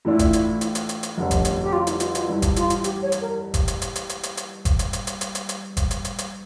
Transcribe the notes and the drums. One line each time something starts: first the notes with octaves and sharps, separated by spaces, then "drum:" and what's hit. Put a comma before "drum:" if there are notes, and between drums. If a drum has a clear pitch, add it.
A2 E3 A3 D4 E4 F4
drum: kick F#1, hi-hat
drum: hi-hat
drum: hi-hat
drum: hi-hat
drum: hi-hat
drum: hi-hat
F1 F2 D3 G3 C#4
drum: kick F#1, hi-hat
drum: hi-hat
G4
F4
E4, drum: hi-hat
F4, drum: hi-hat
F4, drum: hi-hat
G2 E3 G3 E4
drum: kick F#1, hi-hat
F4, drum: hi-hat
drum: hi-hat
G4, drum: hi-hat
C#5
drum: hi-hat
A#4
drum: kick F#1, hi-hat
drum: hi-hat
drum: hi-hat
drum: hi-hat
drum: hi-hat
drum: hi-hat
drum: hi-hat
drum: kick F#1, hi-hat
drum: hi-hat
drum: hi-hat
drum: hi-hat
drum: hi-hat
drum: hi-hat
drum: hi-hat
drum: kick F#1, hi-hat
drum: hi-hat
drum: hi-hat
drum: hi-hat